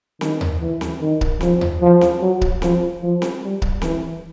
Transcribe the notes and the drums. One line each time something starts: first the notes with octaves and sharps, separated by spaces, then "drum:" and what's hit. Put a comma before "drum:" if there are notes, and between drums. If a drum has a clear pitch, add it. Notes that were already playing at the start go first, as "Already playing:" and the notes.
D#3, drum: snare C4
drum: tom D#2
E3
drum: snare C4
D#3
drum: kick C#1
F3, drum: snare C4
drum: tom D#2
F3
drum: snare C4
F#3
drum: kick C#1
F3, drum: snare C4
F3
drum: snare C4
G3
drum: kick C#1
E3, drum: snare C4